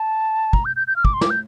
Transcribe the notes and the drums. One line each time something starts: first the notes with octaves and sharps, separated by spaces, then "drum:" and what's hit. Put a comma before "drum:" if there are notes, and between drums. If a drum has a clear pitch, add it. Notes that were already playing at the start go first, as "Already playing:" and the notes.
Already playing: A5
A#5, drum: kick
G6
G6
G6
F6
D6, drum: kick
C6
D6, drum: snare
G6